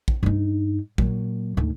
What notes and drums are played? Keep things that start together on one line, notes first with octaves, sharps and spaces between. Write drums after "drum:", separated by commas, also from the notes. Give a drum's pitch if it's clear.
drum: kick A#1
G2 D#4
A#2 F#3, drum: kick A#1
D2 G#2